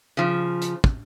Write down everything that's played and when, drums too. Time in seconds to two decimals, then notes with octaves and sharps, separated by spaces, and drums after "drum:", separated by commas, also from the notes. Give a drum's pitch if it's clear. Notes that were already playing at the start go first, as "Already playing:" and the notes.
0.17 C#3 F3
0.62 drum: hi-hat
0.84 drum: kick